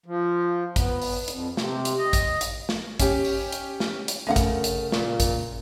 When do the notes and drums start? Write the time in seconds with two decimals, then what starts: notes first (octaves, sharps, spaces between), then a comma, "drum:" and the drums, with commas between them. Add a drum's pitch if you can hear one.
0.06 F3
0.76 B3, drum: kick A1, hi-hat
1.02 drum: open hi-hat
1.28 F2, drum: hi-hat
1.57 C3, drum: snare
1.85 drum: hi-hat
1.99 D#5
2.13 drum: kick A1, hi-hat
2.41 drum: hi-hat
2.69 drum: snare
3.00 C#4 G4, drum: kick A1, hi-hat
3.25 drum: open hi-hat
3.52 drum: hi-hat
3.80 drum: snare
4.08 drum: hi-hat
4.27 C#3 F#3 A3 A#4 F5 F#5
4.36 drum: kick A1, hi-hat
4.64 drum: hi-hat
4.92 A#2, drum: snare
5.20 drum: kick A1, hi-hat